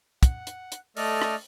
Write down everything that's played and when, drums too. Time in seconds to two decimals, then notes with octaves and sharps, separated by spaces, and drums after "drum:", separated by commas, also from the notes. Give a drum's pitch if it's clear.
0.23 F#5, drum: kick, hi-hat
0.47 drum: hi-hat
0.72 drum: hi-hat
0.97 A3 A4 D5 D#5 F6, drum: open hi-hat
1.22 drum: rim click